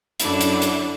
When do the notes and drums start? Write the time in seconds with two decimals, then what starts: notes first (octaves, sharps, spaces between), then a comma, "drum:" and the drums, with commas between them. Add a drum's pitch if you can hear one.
0.20 F#2 D3 D4 E4, drum: hi-hat
0.41 drum: hi-hat
0.62 drum: hi-hat